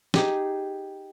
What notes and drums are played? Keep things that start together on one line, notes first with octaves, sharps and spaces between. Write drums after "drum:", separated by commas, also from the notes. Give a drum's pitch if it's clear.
D#4 G4 G#4, drum: snare